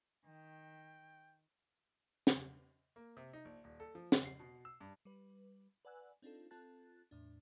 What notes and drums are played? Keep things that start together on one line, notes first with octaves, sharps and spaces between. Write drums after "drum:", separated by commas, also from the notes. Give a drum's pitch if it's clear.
D#3 G5
drum: snare
A#3
C3
D#4
A#1
D#1
A4
F3
F#5, drum: snare
C7
B2
E6
G2
G3 B4
B4 D5 F#5 G#5 E6 F#6
C4 D4 D#4 F4 A4
C4 F4 A4 A5 F#6 A6
E2 A2 D4